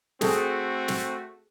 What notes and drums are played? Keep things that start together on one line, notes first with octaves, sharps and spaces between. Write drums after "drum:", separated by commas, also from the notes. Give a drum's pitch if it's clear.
A3 C4 F#4 G#4 A4, drum: snare
drum: snare